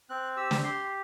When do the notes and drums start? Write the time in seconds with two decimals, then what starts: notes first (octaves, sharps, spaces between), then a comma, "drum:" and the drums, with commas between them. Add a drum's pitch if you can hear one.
0.10 C4 F#6
0.37 G4 E6
0.51 drum: snare
0.64 G4 C6